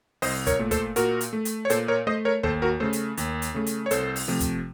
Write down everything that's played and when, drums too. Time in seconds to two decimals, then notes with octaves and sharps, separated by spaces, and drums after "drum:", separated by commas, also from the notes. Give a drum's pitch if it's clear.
0.22 C2 C5 D#5, drum: open hi-hat
0.47 A#4 C#5, drum: kick, hi-hat
0.59 A#2 A3
0.71 A4 C5, drum: kick, hi-hat
0.96 A#2 F#4 A#4, drum: hi-hat
1.21 drum: hi-hat
1.33 A3
1.45 drum: hi-hat
1.65 C#5
1.70 A#2 A4 C5, drum: hi-hat
1.88 A#4 C#5
2.07 A3 C5 D#5
2.25 A#4 C#5
2.43 D#2 A4 C5, drum: kick
2.62 F#4 A#4
2.80 C#3 A3 A4 C5
2.93 drum: hi-hat
3.17 D#2, drum: hi-hat
3.42 drum: hi-hat
3.54 C#3 A3
3.67 drum: hi-hat
3.86 C#5
3.91 C2 A4 C5, drum: hi-hat
4.16 drum: open hi-hat
4.28 C3 F3 A3
4.40 drum: kick, hi-hat